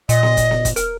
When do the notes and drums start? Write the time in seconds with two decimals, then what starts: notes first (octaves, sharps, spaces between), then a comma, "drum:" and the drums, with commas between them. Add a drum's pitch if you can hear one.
0.09 A#2 D#5, drum: hi-hat
0.23 drum: snare B3
0.37 drum: kick, hi-hat
0.51 drum: snare B3
0.65 drum: kick, hi-hat
0.76 A#4, drum: hi-hat